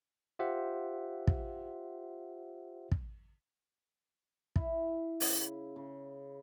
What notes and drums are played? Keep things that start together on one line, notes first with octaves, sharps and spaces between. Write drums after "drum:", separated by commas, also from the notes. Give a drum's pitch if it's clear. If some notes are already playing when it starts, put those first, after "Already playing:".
F4 G4 C5 E5 F#5
drum: kick
drum: kick
E4, drum: kick
C#3, drum: open hi-hat
C#3